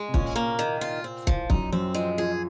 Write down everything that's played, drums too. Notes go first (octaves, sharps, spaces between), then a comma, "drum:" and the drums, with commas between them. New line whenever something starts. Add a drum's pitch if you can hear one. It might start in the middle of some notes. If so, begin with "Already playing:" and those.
Already playing: G#3
C3
A#2 C#4, drum: kick
A#3
D#3
F4
C4
F3, drum: kick
F#2 D#4, drum: kick
F#2 C4
F3 G#3
F3 G#4